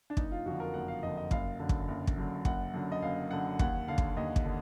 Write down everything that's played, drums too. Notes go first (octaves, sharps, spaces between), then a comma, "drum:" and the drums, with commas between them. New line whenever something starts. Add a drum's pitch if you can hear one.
D4
F#1 D#4, drum: kick
F4
F2 D3 F#4
A#4
F#1 F#5
F5
F2 D3 D#5
D#5
F#1 F5, drum: kick
F#2 D3
drum: kick
F#1
drum: kick
F#2 D3
F#1 F#5, drum: kick
F#2 D3
D#5
F#1 F5
F#2 D3 F#5
D#2 F#5, drum: kick
D3 F5
drum: kick
D#2 D#5
drum: kick
D3